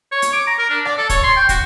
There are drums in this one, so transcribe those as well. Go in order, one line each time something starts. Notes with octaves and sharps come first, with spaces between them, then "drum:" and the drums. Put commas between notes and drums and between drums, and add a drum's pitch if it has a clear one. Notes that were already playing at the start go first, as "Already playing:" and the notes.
C#5
drum: hi-hat
D6
A#5
A#4
D4
D5, drum: rim click
A4
C#5, drum: kick, hi-hat
C6
G5
F#4, drum: kick, hi-hat